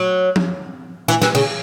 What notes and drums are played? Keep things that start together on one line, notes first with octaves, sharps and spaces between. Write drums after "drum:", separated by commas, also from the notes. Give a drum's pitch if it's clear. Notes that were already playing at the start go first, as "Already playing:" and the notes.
Already playing: F#3
drum: tom F3
E3
E3, drum: snare
C#3, drum: cymbal